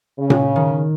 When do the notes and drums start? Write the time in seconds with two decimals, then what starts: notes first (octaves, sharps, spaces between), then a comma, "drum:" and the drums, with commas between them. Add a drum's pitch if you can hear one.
0.19 C#3
0.30 drum: tom A#2
0.56 D#3